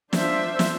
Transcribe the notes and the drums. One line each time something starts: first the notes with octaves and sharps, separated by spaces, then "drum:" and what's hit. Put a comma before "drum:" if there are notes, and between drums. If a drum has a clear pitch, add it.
D4 F4 C5 E5, drum: snare
drum: snare